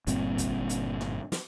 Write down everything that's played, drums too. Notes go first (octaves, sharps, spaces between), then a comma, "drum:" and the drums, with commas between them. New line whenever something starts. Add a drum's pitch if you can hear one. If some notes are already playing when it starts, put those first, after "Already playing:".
G1 G2 A#2 C4, drum: hi-hat
drum: kick, hi-hat
drum: hi-hat
drum: tom A2
drum: snare